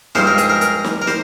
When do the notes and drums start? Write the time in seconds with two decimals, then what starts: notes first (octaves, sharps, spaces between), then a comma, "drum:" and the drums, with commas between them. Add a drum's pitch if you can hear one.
0.15 G2 F3 G#3 C5, drum: snare
0.27 A#4
0.38 G#4, drum: hi-hat
0.50 A#4
0.61 A#4, drum: hi-hat
0.84 drum: snare
1.02 A#4
1.07 C5, drum: snare